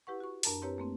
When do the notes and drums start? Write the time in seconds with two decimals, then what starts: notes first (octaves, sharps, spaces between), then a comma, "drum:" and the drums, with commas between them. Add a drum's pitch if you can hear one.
0.07 E4 G4 B4 F#5 C#6
0.20 F#4 C#6
0.43 F#2 D4 A#4 A5 A#5 A6, drum: open hi-hat
0.62 C4 E4 G4 B4 C#5 A#5
0.78 A3 A#3 C4